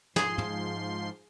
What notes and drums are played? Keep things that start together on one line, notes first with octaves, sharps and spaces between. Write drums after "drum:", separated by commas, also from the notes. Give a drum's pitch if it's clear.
G#2 F3 G#4 C6, drum: snare
drum: tom